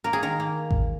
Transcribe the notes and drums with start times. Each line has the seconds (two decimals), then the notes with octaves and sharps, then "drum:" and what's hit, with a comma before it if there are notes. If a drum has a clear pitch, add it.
0.04 A#3 A#4
0.13 G#4
0.23 D#3 A#4
0.40 A#3
0.71 drum: kick A1